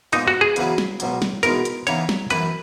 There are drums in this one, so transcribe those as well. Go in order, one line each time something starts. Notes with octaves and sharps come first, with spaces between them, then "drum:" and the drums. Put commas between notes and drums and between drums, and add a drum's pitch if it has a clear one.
A#2 G#3 B3 D#4, drum: hi-hat
F#4
G#4
E2 C#3 F#3 B3 E4, drum: hi-hat
drum: snare
C#2 B2 F#3, drum: hi-hat
drum: snare
E2 B2 G#3 B3 D#4 A#4, drum: hi-hat
drum: hi-hat
C#3 E3 B3 D#4 C#5, drum: hi-hat
drum: snare
F#2 E3 B3 E4 B4, drum: hi-hat